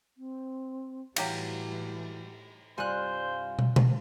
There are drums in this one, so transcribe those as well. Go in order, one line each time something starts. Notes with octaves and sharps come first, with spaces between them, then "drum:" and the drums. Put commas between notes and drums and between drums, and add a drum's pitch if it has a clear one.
C4
A2 E3 F#3 G3 G4 F5, drum: cymbal
C2 G2 G3 F4 C5 G#5 F6 F#6
drum: tom
drum: tom B2